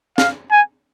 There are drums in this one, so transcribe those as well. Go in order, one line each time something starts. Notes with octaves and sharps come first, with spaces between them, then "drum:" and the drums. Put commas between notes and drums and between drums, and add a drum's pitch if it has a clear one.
F5, drum: snare
G#5